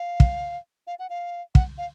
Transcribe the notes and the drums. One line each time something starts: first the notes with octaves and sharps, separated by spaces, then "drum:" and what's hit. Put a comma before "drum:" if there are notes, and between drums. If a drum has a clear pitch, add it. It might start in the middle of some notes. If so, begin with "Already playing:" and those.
Already playing: F5
drum: kick
F5
F#5
F5
F#5, drum: kick
F5